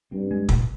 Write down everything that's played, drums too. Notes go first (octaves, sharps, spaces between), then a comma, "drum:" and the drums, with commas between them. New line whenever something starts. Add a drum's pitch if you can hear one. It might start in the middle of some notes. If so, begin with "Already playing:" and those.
G2 C4
G#3
A#2, drum: kick